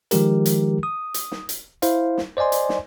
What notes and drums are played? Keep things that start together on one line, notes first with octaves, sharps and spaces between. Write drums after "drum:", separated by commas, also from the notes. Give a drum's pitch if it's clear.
D#3 F3 G#3 G4 A#4, drum: hi-hat
drum: hi-hat
D#6
drum: hi-hat
drum: snare
drum: hi-hat
E4 C5 F5, drum: hi-hat
drum: snare
C5 D5 D#5 G#5 C6
drum: hi-hat
drum: snare